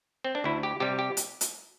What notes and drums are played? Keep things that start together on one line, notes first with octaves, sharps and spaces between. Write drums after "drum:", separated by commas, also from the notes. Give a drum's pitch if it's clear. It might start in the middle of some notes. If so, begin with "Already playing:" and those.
C4
D4
D2 E4
G4
C3 G3 G4
G4
drum: hi-hat
drum: hi-hat